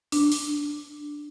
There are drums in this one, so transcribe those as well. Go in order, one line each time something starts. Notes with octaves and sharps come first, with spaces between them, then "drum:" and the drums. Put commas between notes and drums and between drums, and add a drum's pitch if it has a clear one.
D4, drum: open hi-hat
drum: open hi-hat